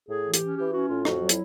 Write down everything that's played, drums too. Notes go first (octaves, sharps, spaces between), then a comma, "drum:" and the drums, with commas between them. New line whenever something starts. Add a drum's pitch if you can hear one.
A2 G#4
E3
G4, drum: hi-hat
C#4
E3 G4
C#4 F#4
A2 F4
F2 F#4, drum: rim click
F#3
E4, drum: hi-hat